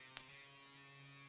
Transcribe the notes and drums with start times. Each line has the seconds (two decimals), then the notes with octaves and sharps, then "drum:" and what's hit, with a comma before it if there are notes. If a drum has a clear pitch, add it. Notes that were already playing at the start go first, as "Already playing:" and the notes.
Already playing: C3
0.17 drum: hi-hat
0.29 C#3